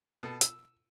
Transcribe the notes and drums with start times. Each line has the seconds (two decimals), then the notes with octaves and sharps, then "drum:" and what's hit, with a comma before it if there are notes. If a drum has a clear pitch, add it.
0.23 B2 A4 A5
0.41 E6, drum: hi-hat